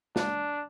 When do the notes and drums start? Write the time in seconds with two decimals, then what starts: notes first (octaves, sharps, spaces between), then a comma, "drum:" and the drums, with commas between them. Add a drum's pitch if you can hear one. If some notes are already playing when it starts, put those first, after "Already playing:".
0.16 D4, drum: snare